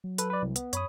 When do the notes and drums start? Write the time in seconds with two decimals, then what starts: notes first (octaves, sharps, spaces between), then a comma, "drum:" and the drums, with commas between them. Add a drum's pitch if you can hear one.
0.04 F#3
0.18 A4 B4, drum: hi-hat
0.30 B4 D5
0.42 C2
0.56 B3, drum: hi-hat
0.73 F#2 C#5 B5 D#6, drum: hi-hat